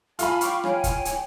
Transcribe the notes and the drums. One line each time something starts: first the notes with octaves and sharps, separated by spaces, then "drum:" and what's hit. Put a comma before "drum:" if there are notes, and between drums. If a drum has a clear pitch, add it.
F4 F5 G#5 A5 B5, drum: hi-hat
G5 C#6 D6, drum: hi-hat
C#5 G5 G#5, drum: rim click
drum: kick, hi-hat
drum: hi-hat